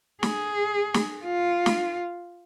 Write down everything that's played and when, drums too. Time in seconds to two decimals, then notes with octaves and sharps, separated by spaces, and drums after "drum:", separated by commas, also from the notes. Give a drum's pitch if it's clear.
0.23 G#4, drum: snare
0.94 drum: snare
1.24 F4
1.66 drum: snare